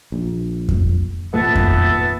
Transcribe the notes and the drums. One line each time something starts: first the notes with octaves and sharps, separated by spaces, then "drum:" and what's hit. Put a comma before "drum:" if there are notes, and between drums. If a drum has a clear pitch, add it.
A#1
drum: kick F2
G#1 A#2 A3 B3 E5 A5
drum: kick F2